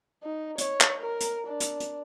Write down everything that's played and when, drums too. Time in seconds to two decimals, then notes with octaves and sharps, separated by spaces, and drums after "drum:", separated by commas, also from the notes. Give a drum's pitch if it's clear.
0.23 D#4
0.58 C#5, drum: hi-hat
0.81 drum: clap
1.01 A#4
1.21 drum: hi-hat
1.47 D4
1.60 drum: hi-hat
1.80 drum: hi-hat